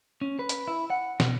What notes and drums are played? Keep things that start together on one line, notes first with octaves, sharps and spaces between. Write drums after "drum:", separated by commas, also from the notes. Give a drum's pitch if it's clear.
C#4
B4
drum: hi-hat
E4
F#5
B2, drum: snare